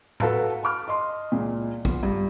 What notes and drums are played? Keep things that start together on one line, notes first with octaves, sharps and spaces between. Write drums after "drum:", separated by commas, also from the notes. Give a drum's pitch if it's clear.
F#4 A4 B4 F5 A5 A#5, drum: tom
A5 B5 D6 F6
D#5 C6
C#2 A#2
B3 F4, drum: kick
G2